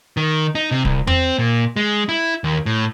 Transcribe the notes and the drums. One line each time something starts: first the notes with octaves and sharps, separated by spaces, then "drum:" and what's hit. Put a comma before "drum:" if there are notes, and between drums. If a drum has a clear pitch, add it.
D#3
D#4
C3
C2, drum: kick D1
C4, drum: tom E2
A#2
G#3
E4
D#2
A2